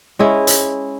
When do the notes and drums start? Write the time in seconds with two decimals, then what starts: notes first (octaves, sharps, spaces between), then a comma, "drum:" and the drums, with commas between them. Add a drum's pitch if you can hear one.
0.19 G#3 C#4 E4
0.47 drum: hi-hat